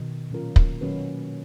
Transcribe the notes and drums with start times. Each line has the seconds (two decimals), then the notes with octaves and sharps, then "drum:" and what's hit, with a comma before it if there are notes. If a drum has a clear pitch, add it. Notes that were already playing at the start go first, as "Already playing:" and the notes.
Already playing: B2 D#3
0.30 A#2 F#3 C#4 F4 A#4
0.56 drum: kick
0.81 B2 D#3 F#3 A#3 C#4 F#4 B4